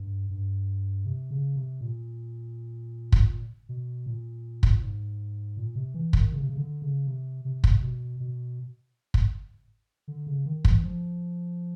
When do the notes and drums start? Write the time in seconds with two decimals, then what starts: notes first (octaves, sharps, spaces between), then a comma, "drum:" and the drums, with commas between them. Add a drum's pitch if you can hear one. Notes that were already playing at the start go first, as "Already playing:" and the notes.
Already playing: G2
0.30 G2
1.06 C3
1.31 C#3
1.56 C3
1.81 A#2
3.12 drum: kick
3.69 B2
4.06 A#2
4.63 drum: kick
4.82 G#2
5.57 A#2
5.76 C3
5.94 E3
6.13 D#3, drum: kick
6.32 C#3
6.41 C3
6.49 C#3
6.57 D3
6.82 C#3
7.07 C3
7.45 C3
7.64 drum: kick
7.82 B2
8.20 B2
9.14 drum: kick
10.08 D3
10.27 C#3
10.46 D#3
10.65 E3, drum: kick
10.83 F3